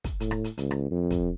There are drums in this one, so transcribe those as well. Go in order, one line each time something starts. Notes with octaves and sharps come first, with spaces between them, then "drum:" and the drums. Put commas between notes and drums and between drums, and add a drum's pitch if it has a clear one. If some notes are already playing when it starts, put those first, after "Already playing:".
drum: kick, hi-hat
A2, drum: hi-hat
drum: rim click
drum: hi-hat
C#2, drum: hi-hat
drum: rim click
F2
drum: kick, hi-hat